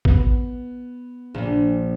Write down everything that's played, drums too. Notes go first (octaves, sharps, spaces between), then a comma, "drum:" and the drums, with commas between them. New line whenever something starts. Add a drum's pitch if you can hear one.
B3, drum: kick A1
A#1 A#2